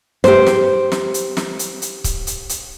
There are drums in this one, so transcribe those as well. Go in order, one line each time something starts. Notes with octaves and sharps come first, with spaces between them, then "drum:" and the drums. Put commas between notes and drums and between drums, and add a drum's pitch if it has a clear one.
G4 C5, drum: snare
drum: snare
drum: snare
drum: hi-hat
drum: snare
drum: hi-hat
drum: hi-hat
drum: kick C#1, hi-hat
drum: hi-hat
drum: hi-hat